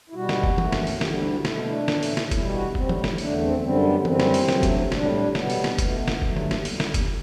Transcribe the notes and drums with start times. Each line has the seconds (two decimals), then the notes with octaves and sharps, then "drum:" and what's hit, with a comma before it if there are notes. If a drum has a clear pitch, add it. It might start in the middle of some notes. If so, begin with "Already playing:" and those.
0.10 E4
0.15 B2 G3 F#4
0.29 drum: snare
0.44 drum: kick F#1
0.58 F#2 E3 A3, drum: tom E3
0.72 drum: snare
0.87 drum: open hi-hat
1.01 D2 D3 G3 G4, drum: snare
1.12 F#4
1.23 E4
1.34 E4
1.45 B2 A3 E4, drum: snare
1.67 D4
1.88 A2 E3 A3, drum: snare
2.03 drum: open hi-hat
2.17 drum: snare
2.31 B2 G3 E4, drum: kick F#1, hi-hat
2.49 G4
2.53 F#4
2.75 A2 G3 C4, drum: kick F#1
2.89 drum: tom E3
3.04 drum: snare
3.18 E2 D3 A3 D4, drum: open hi-hat
3.40 C4
3.62 F#2 D3 G3 C4
3.83 B3
3.99 B3
4.05 F#2 E3 G3 C4, drum: tom E3
4.20 drum: snare
4.34 drum: open hi-hat
4.48 D2 C3 F#3 A3, drum: snare
4.63 drum: kick F#1, hi-hat
4.92 A2 G3 D4, drum: snare
5.13 D4
5.35 B2 G3 B3, drum: snare
5.50 drum: open hi-hat
5.64 drum: snare
5.79 B2 A3, drum: kick F#1, hi-hat
6.08 drum: snare
6.22 G2 F#3 A3, drum: kick F#1
6.36 drum: tom D3
6.51 drum: snare
6.65 G3, drum: open hi-hat
6.80 drum: snare
6.94 drum: kick F#1, hi-hat